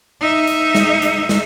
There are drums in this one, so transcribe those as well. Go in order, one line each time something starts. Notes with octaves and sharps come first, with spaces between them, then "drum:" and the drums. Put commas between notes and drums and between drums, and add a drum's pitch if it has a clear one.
D#4 E5
drum: hi-hat
drum: snare
drum: hi-hat
drum: snare